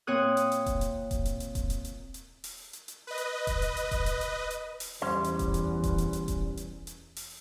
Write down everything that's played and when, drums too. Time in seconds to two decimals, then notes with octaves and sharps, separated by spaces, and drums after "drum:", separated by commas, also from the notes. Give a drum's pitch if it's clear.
0.07 A#2 C4 C#5 D#6 F#6
0.37 drum: hi-hat
0.52 drum: hi-hat
0.66 drum: kick D#1, hi-hat
0.81 drum: hi-hat
1.11 drum: kick D#1, hi-hat
1.25 drum: hi-hat
1.40 drum: hi-hat
1.55 drum: kick D#1, hi-hat
1.70 drum: hi-hat
1.85 drum: hi-hat
2.14 drum: hi-hat
2.44 drum: open hi-hat
2.73 drum: hi-hat
2.88 drum: hi-hat
3.07 B4 D#5
3.18 drum: hi-hat
3.47 drum: kick D#1, hi-hat
3.62 drum: hi-hat
3.77 drum: hi-hat
3.91 drum: kick D#1, hi-hat
4.06 drum: hi-hat
4.21 drum: hi-hat
4.51 drum: hi-hat
4.80 drum: open hi-hat
5.02 E2 G3 C#4 C5
5.24 drum: hi-hat
5.39 drum: kick D#1, hi-hat
5.54 drum: hi-hat
5.83 drum: kick D#1, hi-hat
5.98 drum: hi-hat
6.13 drum: hi-hat
6.28 drum: kick D#1, hi-hat
6.57 drum: hi-hat
6.87 drum: hi-hat
7.16 drum: open hi-hat